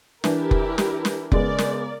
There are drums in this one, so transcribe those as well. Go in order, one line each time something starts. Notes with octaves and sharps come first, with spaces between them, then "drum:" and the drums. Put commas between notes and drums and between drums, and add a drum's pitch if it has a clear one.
E3 D4 E4 G4 A#4, drum: snare
drum: kick F1
drum: snare
drum: snare
C#3 G#3 B3 A#4 D5, drum: kick F1
drum: snare